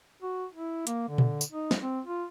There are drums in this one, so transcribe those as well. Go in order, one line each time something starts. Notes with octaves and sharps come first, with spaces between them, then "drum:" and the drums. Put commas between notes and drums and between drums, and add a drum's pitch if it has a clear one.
F#4
E4
A#3, drum: hi-hat
D3
drum: tom A#2
drum: tambourine
D#4
drum: snare
C4
F4